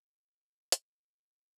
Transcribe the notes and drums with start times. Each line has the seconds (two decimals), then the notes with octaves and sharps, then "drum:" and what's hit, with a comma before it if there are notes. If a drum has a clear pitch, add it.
0.22 G2 D#3 C#4 A#4 B4
0.72 drum: hi-hat